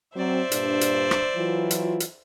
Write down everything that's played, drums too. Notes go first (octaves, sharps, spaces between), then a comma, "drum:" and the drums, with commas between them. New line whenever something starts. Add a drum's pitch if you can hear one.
F#3 C4 C5 D5 E5
G2 A#2 D4, drum: hi-hat
drum: hi-hat
drum: rim click
E3 F#3 F4
drum: hi-hat
drum: hi-hat